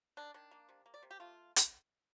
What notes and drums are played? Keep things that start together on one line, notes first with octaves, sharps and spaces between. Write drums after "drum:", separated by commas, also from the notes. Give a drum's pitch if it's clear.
D#3 D4
D#3 D4
A#3
C3
A#3
D5
C3
G4
A3 F4
drum: hi-hat